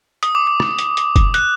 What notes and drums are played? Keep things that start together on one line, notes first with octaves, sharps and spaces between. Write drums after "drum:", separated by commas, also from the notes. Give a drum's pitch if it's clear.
D#6, drum: hi-hat
D6
D6
drum: rim click
drum: hi-hat
drum: hi-hat
drum: kick F#1, hi-hat
F#6, drum: hi-hat